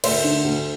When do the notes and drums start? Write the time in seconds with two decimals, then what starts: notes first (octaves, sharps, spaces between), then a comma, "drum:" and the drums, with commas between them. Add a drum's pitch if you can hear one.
0.04 D2 C5 E5, drum: cymbal
0.24 D3
0.44 D2